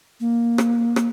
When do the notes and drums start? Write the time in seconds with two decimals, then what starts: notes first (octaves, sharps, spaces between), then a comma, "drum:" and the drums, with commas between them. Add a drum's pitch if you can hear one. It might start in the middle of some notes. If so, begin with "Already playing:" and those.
0.20 A#3
0.58 drum: rim click
0.96 drum: rim click